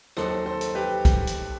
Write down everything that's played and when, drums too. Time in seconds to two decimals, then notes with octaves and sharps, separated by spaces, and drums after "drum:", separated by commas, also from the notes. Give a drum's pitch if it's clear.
0.17 D#2 D#3 F#3 A4 C5, drum: rim click
0.46 A4 C5
0.61 drum: hi-hat
0.75 G4 B4
1.05 drum: kick B1, hi-hat
1.27 drum: hi-hat